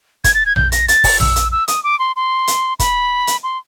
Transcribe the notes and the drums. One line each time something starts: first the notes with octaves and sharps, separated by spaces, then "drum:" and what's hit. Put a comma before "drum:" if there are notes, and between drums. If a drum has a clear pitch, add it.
G#6, drum: kick, hi-hat
A6
G#6
G6, drum: tom A#1
A#6, drum: hi-hat
A6, drum: hi-hat
drum: kick, open hi-hat
E6, drum: tom A#1
drum: hi-hat
E6
D#6, drum: hi-hat
D6
C6
C6
drum: hi-hat
B5, drum: kick, hi-hat
drum: hi-hat
C6